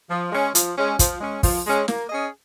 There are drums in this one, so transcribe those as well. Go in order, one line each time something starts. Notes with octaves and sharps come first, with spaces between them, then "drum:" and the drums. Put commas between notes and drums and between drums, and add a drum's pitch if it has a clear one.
F3
G#3 C#4
F3, drum: hi-hat
G#3 C#4
F3, drum: kick, hi-hat
G#3 C#4
F3, drum: kick, open hi-hat
G#3 C#4
A#3, drum: snare
C#4 G#4 D#5